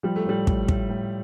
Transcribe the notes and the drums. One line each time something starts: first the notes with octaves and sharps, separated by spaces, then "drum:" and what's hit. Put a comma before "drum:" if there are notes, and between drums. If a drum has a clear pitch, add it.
F3 G3
A3
A2 G3
A2, drum: kick
A2, drum: kick
A2